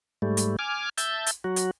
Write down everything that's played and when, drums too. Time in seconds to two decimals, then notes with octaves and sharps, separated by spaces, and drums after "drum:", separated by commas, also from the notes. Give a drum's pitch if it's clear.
0.22 G#2 G3 A3
0.37 drum: hi-hat
0.59 G#5 D6 F6
0.98 E5 A5 G6, drum: hi-hat
1.26 drum: hi-hat
1.44 F#3 F#4
1.56 drum: hi-hat